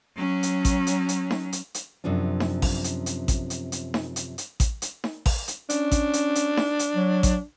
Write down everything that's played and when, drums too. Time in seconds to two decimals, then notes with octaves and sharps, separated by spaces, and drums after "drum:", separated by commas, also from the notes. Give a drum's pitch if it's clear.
0.16 F#3 C#4
0.43 drum: hi-hat
0.65 drum: kick A1, hi-hat
0.87 drum: hi-hat
1.09 drum: hi-hat
1.31 drum: snare D#4
1.53 drum: hi-hat
1.74 drum: hi-hat
2.04 F#2 C3 F3 C#4 D4
2.40 drum: snare D#4
2.62 drum: kick A1, open hi-hat
2.84 drum: hi-hat
3.06 drum: hi-hat
3.28 drum: kick A1, hi-hat
3.50 drum: hi-hat
3.72 drum: hi-hat
3.94 drum: snare D#4
4.16 drum: hi-hat
4.38 drum: hi-hat
4.60 drum: kick A1, hi-hat
4.82 drum: hi-hat
5.04 drum: snare D#4
5.26 drum: kick A1, open hi-hat
5.48 drum: hi-hat
5.70 C#4 D4, drum: hi-hat
5.91 drum: kick A1, hi-hat
6.13 drum: hi-hat
6.35 drum: hi-hat
6.57 drum: snare D#4
6.79 drum: hi-hat
6.96 F#3
7.23 drum: kick A1, hi-hat